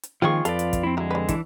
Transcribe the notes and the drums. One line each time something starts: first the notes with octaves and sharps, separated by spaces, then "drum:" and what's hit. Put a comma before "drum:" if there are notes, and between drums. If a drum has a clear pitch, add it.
drum: hi-hat
D#3 F3 G#3 A#3 C4 F4 G#4 C#6
F2 F4 A4 B4 D5, drum: hi-hat
drum: hi-hat
drum: kick, hi-hat
C4 E4
D3 F#3 G#3 E4
G3 B4
E3 D4, drum: kick, hi-hat